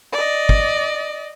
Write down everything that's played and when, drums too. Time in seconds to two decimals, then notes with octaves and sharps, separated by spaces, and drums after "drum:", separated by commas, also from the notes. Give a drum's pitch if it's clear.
0.13 D5 D#5
0.49 drum: kick